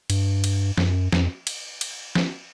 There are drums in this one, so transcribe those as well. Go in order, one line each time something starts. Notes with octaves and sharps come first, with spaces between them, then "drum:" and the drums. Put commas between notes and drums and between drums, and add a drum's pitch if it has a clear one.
G2, drum: cymbal
drum: cymbal
F#2, drum: snare
F2, drum: snare
drum: cymbal
drum: cymbal
drum: snare